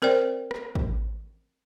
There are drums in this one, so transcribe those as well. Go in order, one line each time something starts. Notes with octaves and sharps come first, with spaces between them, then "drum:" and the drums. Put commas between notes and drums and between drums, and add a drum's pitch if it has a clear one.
C4 A#4 C5 D5 G5
drum: rim click
drum: kick